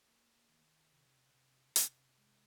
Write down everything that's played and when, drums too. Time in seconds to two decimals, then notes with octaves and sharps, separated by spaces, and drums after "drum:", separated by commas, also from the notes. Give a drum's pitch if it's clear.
0.08 A#3
0.49 D#3
0.92 C3
1.35 C3
1.76 C3, drum: hi-hat
2.18 G#3